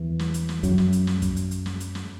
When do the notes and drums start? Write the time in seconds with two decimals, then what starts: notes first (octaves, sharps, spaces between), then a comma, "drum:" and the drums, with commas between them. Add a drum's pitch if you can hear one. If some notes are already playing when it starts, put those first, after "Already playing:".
Already playing: E2 E3
0.19 drum: snare
0.34 drum: hi-hat
0.49 drum: snare
0.63 F#2 F#3, drum: hi-hat
0.78 drum: snare
0.93 drum: hi-hat
1.07 drum: snare
1.22 drum: kick, hi-hat
1.36 drum: hi-hat
1.51 drum: hi-hat
1.66 drum: snare
1.80 drum: hi-hat
1.95 drum: snare